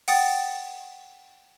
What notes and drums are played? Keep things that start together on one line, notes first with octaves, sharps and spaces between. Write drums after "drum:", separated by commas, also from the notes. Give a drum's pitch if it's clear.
F#5 G5 D#6 A6, drum: open hi-hat